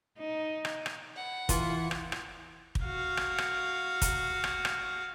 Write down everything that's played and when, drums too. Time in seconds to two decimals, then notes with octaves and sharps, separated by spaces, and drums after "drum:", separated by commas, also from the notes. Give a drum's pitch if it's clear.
0.18 D#4
0.65 drum: rim click
0.86 drum: rim click
1.15 F#5 B5
1.49 E3 F4, drum: kick, hi-hat
1.91 drum: rim click
2.12 drum: rim click
2.75 drum: kick
2.85 F#4 F5
3.17 drum: rim click
3.38 drum: rim click
4.02 drum: kick, hi-hat
4.44 drum: rim click
4.65 drum: rim click